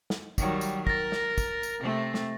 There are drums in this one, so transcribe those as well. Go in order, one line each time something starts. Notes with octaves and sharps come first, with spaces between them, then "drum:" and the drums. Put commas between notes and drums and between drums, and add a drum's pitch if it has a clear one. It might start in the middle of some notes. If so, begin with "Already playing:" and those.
drum: snare
D#3 F#3 G3, drum: kick, tambourine
drum: tambourine
A#4 A6 A#6, drum: kick
drum: snare
drum: kick, tambourine
drum: tambourine
C3 A3 C4
drum: snare